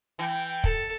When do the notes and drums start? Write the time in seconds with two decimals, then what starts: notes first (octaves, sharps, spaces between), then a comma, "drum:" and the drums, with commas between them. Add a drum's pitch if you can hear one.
0.19 E3 G5
0.64 A4, drum: kick